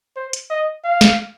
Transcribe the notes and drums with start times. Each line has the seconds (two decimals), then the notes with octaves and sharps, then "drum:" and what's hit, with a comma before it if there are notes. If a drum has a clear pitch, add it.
0.16 C5
0.33 drum: hi-hat
0.50 D#5
0.84 F5
1.01 drum: snare